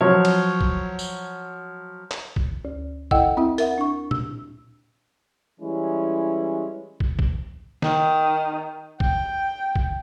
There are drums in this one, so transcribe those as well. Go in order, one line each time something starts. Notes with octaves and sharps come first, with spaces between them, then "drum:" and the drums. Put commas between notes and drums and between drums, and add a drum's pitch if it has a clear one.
F3 F#3 C#5
drum: cymbal
drum: kick
drum: tambourine
drum: clap
drum: kick
D2
E4 A4 D#5 F#5 G5 E6, drum: kick
C4 E4 E5
A#4 E5 F#5, drum: hi-hat
D4 C#6
E6, drum: tom A#2
E3 G3 G#3 C#4 E4
drum: kick
drum: kick
D#3, drum: snare
G5, drum: kick
drum: kick